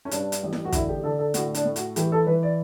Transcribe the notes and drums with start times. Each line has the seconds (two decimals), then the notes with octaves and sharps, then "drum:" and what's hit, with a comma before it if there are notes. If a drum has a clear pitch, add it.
0.05 C#4
0.11 G2 D4, drum: hi-hat
0.32 drum: hi-hat
0.43 A1
0.53 drum: snare E4
0.65 F#4
0.72 D3 E4, drum: kick, hi-hat
0.89 G4
1.03 D3 A4
1.19 A4
1.34 A2 F#4, drum: hi-hat
1.54 D4, drum: hi-hat
1.65 A2
1.76 F#4, drum: hi-hat
1.96 E3 G4, drum: hi-hat
2.12 A4
2.27 E3 B4
2.43 D5